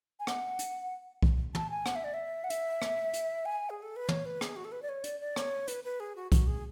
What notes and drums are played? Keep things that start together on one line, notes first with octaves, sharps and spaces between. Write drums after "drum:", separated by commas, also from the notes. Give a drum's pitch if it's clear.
G#5
F#5, drum: rim click
drum: hi-hat
drum: kick B1
A5, drum: tom
G#5
F#5, drum: rim click
E5
D5
E5
F#5
E5, drum: hi-hat
drum: rim click
drum: hi-hat
G#5
G#4
A4
B4
C#5, drum: tom
B4
G#4, drum: rim click
F#4
A4
B4
D5
C#5
D5, drum: hi-hat
D5
C#5, drum: rim click
B4, drum: hi-hat
B4
G#4
F#4
F#4, drum: kick B1, hi-hat
G#4